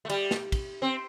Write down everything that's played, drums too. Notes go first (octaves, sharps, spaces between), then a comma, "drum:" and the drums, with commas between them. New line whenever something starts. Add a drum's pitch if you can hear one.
A3
G3, drum: cymbal
drum: snare
drum: kick, cymbal
C4